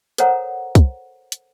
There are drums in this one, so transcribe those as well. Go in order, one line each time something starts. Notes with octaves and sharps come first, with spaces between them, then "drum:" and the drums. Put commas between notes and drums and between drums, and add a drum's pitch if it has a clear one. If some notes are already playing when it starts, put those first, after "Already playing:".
A4 A#4 C5 C#5 F#5 A#5, drum: hi-hat
drum: kick, hi-hat
drum: hi-hat